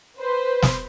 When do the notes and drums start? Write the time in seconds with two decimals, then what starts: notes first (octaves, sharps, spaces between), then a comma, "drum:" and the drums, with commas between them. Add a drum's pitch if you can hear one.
0.19 B4 C5
0.62 drum: snare